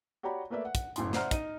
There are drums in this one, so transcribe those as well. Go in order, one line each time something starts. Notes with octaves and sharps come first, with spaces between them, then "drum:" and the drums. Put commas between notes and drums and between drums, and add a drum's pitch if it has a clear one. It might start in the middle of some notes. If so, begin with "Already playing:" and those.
F#4 G4 C#5 D5 A#5 B5
A3 A#3 B4 D5 E5
F#5
drum: kick, hi-hat
F#1 A2 C6, drum: hi-hat
C5 D5 E5 F#5 A#5 F6, drum: snare
D#4 D#7, drum: kick, hi-hat